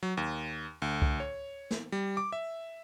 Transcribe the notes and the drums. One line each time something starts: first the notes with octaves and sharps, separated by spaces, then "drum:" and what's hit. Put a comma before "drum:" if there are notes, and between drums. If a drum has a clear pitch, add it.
F#3
D#2
D2
drum: kick C2
C#5
drum: snare
G3
D6
E5